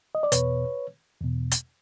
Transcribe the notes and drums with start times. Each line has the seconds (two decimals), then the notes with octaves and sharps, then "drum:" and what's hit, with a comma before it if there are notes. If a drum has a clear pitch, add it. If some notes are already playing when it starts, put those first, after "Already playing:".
0.15 D#5
0.23 D5
0.32 E2 B2 B4 C#5, drum: hi-hat
1.21 E2 B2
1.52 drum: hi-hat